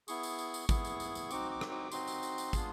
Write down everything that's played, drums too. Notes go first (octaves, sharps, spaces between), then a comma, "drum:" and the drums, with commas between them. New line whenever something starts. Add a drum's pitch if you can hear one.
B3 E4 G#4 C#6, drum: tambourine
drum: tambourine
drum: tambourine
drum: tambourine
B3 E4 G#4, drum: kick, tambourine
drum: tambourine
drum: tambourine
drum: tambourine
C4 D#4 F#4 D6, drum: tambourine
D6
drum: rim click
D6
C4 D#4 F#4 C6, drum: tambourine
drum: tambourine
drum: tambourine
drum: tambourine
B3 D4 F4 G#4, drum: kick, tambourine